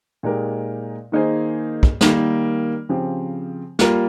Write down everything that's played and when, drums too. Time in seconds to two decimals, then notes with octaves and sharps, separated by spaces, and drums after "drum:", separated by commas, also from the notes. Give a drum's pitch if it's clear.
0.23 A#2 G#3 D#4 G4 A#4
1.12 D#3 A#3 D#4 G#4 C5
1.83 drum: kick
2.01 D#3 G3 A#3, drum: snare
2.89 C#3 F3 C4 G4
3.79 G3 A#3 F4 A#4, drum: snare